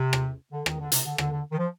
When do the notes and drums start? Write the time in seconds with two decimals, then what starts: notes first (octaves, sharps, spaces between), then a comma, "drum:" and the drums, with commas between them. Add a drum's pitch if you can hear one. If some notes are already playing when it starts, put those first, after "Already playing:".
Already playing: C3
0.13 drum: rim click
0.52 D3
0.66 D#3, drum: rim click
0.79 D3
0.92 C3, drum: hi-hat
1.05 D3
1.18 D3, drum: rim click
1.32 D3
1.52 D#3
1.58 F3